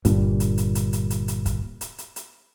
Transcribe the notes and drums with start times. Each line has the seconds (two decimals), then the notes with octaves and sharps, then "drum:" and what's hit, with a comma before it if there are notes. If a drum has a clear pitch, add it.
0.05 G1 G2 A#2, drum: kick, hi-hat
0.40 drum: hi-hat
0.58 drum: hi-hat
0.75 drum: hi-hat
0.93 drum: hi-hat
1.10 drum: hi-hat
1.28 drum: hi-hat
1.46 drum: kick, hi-hat
1.81 drum: hi-hat
1.98 drum: hi-hat
2.16 drum: hi-hat